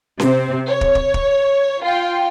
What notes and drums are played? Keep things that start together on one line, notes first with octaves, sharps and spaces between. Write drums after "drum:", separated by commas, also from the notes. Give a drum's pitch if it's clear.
C3 C4, drum: snare C#4
C#5
drum: kick
drum: kick
drum: kick
F4 G5